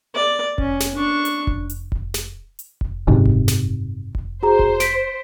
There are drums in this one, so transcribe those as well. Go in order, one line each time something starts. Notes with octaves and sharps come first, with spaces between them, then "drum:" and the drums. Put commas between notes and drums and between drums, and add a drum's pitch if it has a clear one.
D5
C#4, drum: kick F1
drum: snare
D4 C#6
drum: hi-hat
drum: kick F1
drum: hi-hat
drum: kick F1
drum: snare
drum: hi-hat
drum: kick F1
F#1 G#2 C3
drum: kick F1
drum: snare
drum: kick F1
F#4 G#4 C5 A#5
drum: kick F1
B6 D7, drum: snare